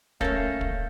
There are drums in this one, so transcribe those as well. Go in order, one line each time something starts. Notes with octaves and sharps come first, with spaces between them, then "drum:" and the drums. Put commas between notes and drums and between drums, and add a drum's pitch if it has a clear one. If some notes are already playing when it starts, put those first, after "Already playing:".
A3 A#3 C#4 A4 F5 G6 A#6, drum: kick
drum: kick